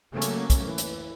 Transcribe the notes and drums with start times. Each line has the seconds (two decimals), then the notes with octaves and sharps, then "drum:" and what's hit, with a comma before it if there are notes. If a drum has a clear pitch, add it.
0.13 C#3 F#3 A3 A#3 C#4
0.22 drum: hi-hat
0.50 drum: kick, hi-hat
0.64 E3
0.78 drum: hi-hat